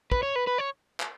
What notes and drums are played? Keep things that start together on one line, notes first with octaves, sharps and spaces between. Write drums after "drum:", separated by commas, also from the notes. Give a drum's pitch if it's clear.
B4, drum: kick
C#5
B4
B4
C#5
drum: clap